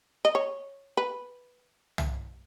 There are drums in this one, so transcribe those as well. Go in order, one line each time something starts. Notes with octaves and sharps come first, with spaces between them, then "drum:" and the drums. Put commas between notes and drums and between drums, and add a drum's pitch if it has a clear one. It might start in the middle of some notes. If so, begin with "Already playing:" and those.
D#5
C#5
B4
drum: tom